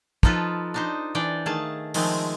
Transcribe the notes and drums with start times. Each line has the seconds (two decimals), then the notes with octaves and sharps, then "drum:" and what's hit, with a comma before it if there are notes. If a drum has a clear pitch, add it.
0.23 F3 D#4 F4 A4 B4, drum: kick
0.74 D4 D#4 C5
1.15 E3 D4 D5 G5
1.46 D#3 A3 G#4 F5 A5
1.94 D#3 F3 G#3 A3 C4, drum: open hi-hat